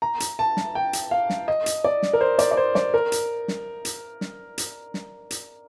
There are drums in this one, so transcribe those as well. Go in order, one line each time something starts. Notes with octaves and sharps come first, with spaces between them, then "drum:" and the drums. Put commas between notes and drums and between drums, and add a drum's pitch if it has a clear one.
A#5
drum: hi-hat
A5
drum: snare
G5
drum: hi-hat
F5
drum: snare
D#5
drum: hi-hat
D5
drum: snare
A#4
C5
D5, drum: hi-hat
D5
C5
D5, drum: snare
A#4
drum: hi-hat
drum: snare
drum: hi-hat
drum: snare
drum: hi-hat
drum: snare
drum: hi-hat